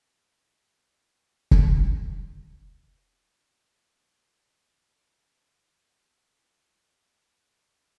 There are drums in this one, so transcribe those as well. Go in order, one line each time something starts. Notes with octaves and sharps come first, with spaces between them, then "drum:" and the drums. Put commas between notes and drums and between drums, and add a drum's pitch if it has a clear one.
A5 C6 D6 G6 B6 D#7
E1 F2 D3 A3 C4
drum: kick
G2 D7
F1 A#3 D4 G#4 D#6 D7
G4 C6 D6
E5
A#3 E4 A#4
D5 F#5
A#4